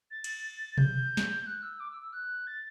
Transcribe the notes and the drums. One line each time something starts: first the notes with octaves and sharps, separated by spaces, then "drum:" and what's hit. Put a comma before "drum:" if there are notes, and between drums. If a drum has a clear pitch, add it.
A6
drum: cymbal
G6, drum: tom B2
drum: snare
F#6
E6
D6
E6
E6
F#6
A6